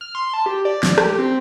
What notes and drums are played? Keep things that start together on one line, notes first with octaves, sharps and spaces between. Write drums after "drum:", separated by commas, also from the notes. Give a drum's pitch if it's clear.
F6
C6
A5
G4
D5
drum: snare
G4, drum: rim click
C4